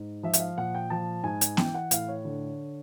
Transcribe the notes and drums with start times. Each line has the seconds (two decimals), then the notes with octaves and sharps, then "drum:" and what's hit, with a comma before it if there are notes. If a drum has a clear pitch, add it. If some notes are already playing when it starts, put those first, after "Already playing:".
Already playing: G#2
0.23 F3 E5
0.33 E5, drum: hi-hat
0.40 F5
0.58 A#2 F#5
0.75 G5
0.90 F3 A5
1.24 G#2 G#5
1.41 drum: hi-hat
1.57 E3 G5, drum: snare B3
1.74 F#5
1.91 A2 F5, drum: hi-hat
2.08 C#5
2.25 D3